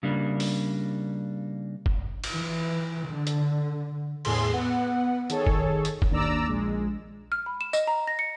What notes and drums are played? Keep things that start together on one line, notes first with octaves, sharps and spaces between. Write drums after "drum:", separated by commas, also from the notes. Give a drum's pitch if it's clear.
C#3 G3 A#3 D4
drum: open hi-hat
drum: kick
drum: cymbal
E3
D3
drum: hi-hat
E2 A2 G#4 C6, drum: cymbal
B3 F#5
D#3 G#4 A4 C#5, drum: hi-hat
drum: kick
drum: hi-hat
drum: kick
D#2 D4 D5 A#5 E6
A#1 G#3
F6
B5
E7
D#5, drum: tambourine
A#5
A#6
C#7